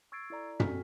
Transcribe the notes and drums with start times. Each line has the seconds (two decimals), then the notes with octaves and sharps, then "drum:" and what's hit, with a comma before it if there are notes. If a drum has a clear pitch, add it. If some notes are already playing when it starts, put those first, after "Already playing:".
0.12 C#6 E6 G#6 A6 C7 D7
0.30 E4 A4 D5 A#5
0.60 C4 F#4 A4 G#5 F6 B6, drum: tom